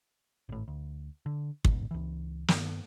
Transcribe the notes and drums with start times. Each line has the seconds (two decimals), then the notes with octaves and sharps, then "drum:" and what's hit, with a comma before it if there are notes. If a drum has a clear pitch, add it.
0.49 G#1 A2
0.68 D2
1.26 D3
1.65 D#1 A1 G#2 B2, drum: kick
1.91 C#2 E3
2.48 G2 D#3 B3, drum: snare